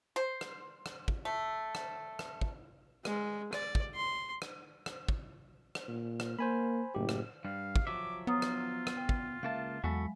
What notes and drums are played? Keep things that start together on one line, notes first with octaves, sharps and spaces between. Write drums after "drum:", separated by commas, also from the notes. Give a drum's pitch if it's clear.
C5
drum: rim click
drum: rim click
drum: kick
A3
drum: rim click
drum: rim click
drum: kick
G#3, drum: rim click
D5, drum: rim click
drum: kick
C6
drum: rim click
drum: rim click
drum: kick
drum: rim click
A#2
drum: rim click
A#3 C5 G#5 B5
F#1 A2 G4
drum: rim click
G2 G3 F5
drum: kick
F3 F#3 E5 D6
B3 F4 C#5 A#5 D#6
drum: rim click
drum: rim click
G5
drum: kick
C#2 A#3 E5 F5 A5
E2 F#3 G#3 F#4 A4 B5